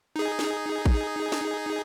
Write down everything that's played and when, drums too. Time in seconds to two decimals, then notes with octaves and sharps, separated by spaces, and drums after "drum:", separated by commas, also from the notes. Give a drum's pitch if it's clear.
0.16 D#4 G#4
0.39 drum: snare
0.86 drum: kick A1
1.32 drum: snare